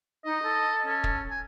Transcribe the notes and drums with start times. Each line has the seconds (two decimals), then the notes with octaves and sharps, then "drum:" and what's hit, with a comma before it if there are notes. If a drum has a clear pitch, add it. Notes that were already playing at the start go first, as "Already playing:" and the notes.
0.25 D#4 D#5
0.43 A4
0.86 C#4
1.04 drum: kick
1.30 G#5